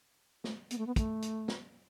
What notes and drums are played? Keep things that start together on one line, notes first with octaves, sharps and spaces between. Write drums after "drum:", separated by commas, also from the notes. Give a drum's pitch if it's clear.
A3, drum: snare
B3, drum: hi-hat
A3
B3
A3, drum: kick, hi-hat
drum: hi-hat
drum: snare